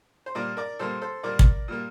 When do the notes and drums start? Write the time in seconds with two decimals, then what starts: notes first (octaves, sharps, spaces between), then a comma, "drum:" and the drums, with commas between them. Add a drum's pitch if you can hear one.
0.26 C5
0.35 A#2 G3 A#3 A#4 D5
0.57 A#4 D5
0.79 A#2 G3 A#3 A4 C5
1.01 A4 C5
1.23 A#2 G3 A#3 A#4 D5
1.39 drum: kick
1.68 A#2 G3 A#3